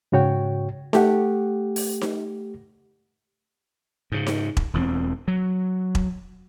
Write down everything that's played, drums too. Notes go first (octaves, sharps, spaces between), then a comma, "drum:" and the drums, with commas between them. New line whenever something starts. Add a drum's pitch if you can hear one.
G#2 C#3 F#4 C#5 G5
A3 G4 F#5, drum: snare D#4
drum: open hi-hat
drum: snare D#4
G#2 C#3
drum: snare D#4
drum: kick E1
E1 E2 F3 C4
F#3
drum: kick E1